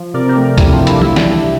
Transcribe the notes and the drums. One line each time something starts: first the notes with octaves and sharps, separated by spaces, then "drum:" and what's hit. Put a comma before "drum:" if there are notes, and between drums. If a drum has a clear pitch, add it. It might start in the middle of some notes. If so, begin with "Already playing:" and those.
Already playing: F3
C3 A#4 D5
G4 A#4
A3
G4 A#4
C3 E4 G4, drum: kick, hi-hat
D4 F4
C2
E4, drum: hi-hat
G3 E4, drum: tom E3
D4, drum: snare
G3